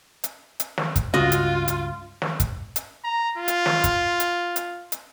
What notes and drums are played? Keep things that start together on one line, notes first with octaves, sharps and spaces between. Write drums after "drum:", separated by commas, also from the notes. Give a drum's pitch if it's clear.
drum: hi-hat
drum: hi-hat
drum: snare
drum: kick, hi-hat
C#2 G2 C#4 F4 F#4 D#5
drum: hi-hat
drum: hi-hat
drum: snare
drum: kick, hi-hat
drum: hi-hat
A#5
F4
drum: hi-hat
drum: snare
drum: kick, hi-hat
drum: hi-hat
drum: hi-hat
drum: hi-hat